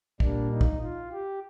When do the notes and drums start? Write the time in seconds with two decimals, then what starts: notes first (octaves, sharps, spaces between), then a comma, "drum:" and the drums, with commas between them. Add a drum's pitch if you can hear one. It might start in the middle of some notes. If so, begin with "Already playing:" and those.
0.20 A#2 G3 A#3 D4, drum: kick
0.50 D#4
0.61 drum: kick
0.81 F4
1.12 G4